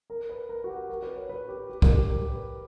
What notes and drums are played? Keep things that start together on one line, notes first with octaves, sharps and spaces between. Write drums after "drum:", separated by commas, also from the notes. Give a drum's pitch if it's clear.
A#4
B4
A#4
F#4
G4
A#4
B4
C#5
B4
G4
G4
A#4, drum: kick
G4
A#4
B4